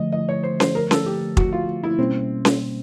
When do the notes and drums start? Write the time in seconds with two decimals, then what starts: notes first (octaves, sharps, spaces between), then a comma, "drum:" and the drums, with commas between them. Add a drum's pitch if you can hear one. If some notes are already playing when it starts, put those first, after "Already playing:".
Already playing: D3 F3 A3 D#5
0.12 D#5
0.29 C#5
0.43 C5
0.60 C5, drum: snare C#4
0.75 A#4
0.91 A4, drum: snare C#4
1.06 G4
1.37 F#4, drum: kick
1.53 F4
1.84 E4
1.98 B2 G3 A#3 C4 C#4
2.45 drum: snare C#4